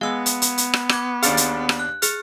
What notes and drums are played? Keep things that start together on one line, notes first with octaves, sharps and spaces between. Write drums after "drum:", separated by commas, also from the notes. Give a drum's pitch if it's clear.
G#3 B3 F5 E6
drum: hi-hat
drum: hi-hat
drum: hi-hat
drum: rim click
D6 G#6, drum: rim click
D#2 D4 G#4 F5 F6 A6, drum: hi-hat
drum: hi-hat
drum: rim click
F#6
G#4 F6, drum: hi-hat